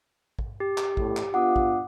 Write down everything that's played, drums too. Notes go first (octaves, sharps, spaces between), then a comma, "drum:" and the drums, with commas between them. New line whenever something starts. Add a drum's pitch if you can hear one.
drum: kick
G4
drum: clap
A1 E2 A2, drum: kick
drum: clap
B3 D4 F4 F#5 D6 D#6
drum: kick